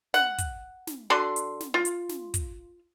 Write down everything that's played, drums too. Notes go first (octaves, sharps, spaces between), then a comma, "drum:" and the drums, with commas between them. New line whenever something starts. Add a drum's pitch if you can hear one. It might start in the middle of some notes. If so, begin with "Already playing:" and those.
F#5, drum: snare
drum: kick, hi-hat
drum: snare
D3 F#4 D5 C6
drum: hi-hat
drum: snare
F4
drum: hi-hat
drum: snare
drum: kick, hi-hat